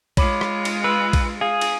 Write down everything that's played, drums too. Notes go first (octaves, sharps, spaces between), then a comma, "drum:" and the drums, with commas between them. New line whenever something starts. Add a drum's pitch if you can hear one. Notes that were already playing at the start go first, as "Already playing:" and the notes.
G#3 F4 C#5 B5 D6, drum: kick A#1, cymbal
drum: rim click
drum: cymbal
B4 E6
drum: kick A#1, cymbal
G#4 F5
drum: cymbal